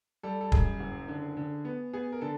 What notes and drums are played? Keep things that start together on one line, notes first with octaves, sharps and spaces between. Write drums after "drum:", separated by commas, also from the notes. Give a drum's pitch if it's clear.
G3 A4
A4
F#2 G#4, drum: kick
F#1
D3
D3
B3
B3 G#4
A#4
D3 A4